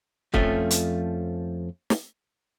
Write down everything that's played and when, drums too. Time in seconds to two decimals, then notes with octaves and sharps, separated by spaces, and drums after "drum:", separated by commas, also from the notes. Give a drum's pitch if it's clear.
0.34 F2 F3 A3 C#4, drum: kick
0.71 drum: hi-hat
1.90 drum: snare